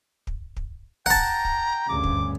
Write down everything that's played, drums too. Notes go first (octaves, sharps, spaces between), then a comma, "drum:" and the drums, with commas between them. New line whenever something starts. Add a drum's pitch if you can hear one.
drum: kick
drum: kick
F#5 G5 A5 A#5
drum: kick
drum: kick
D2 G2 C#3 D6
drum: kick